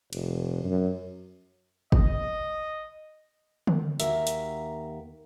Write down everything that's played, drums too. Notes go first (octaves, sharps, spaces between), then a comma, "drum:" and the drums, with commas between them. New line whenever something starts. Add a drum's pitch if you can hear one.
F1, drum: cymbal
F#2
D#5, drum: kick
drum: tom D3
D#2 A#3 F#4 A#4 E5, drum: hi-hat
drum: hi-hat